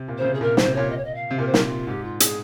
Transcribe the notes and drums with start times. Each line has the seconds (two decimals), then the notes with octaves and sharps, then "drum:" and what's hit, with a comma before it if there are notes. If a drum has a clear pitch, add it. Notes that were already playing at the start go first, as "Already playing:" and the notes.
Already playing: C3
0.08 A#2
0.17 C#3 C5
0.24 C3
0.34 G#4
0.41 A#2 A#4
0.57 C5, drum: snare
0.65 C3
0.74 A#2 C#5
0.90 D#5
0.97 C#5
1.04 D#5
1.15 F5
1.31 C3
1.38 A#2 A#4
1.46 C5
1.54 A#4, drum: snare
1.63 F4
1.87 G#2 G4
2.03 F4
2.20 G#4, drum: hi-hat